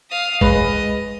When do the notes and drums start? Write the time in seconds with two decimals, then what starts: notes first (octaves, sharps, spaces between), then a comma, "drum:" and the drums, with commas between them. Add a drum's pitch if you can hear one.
0.10 F5 D#6
0.41 G#3 B4 D#5, drum: kick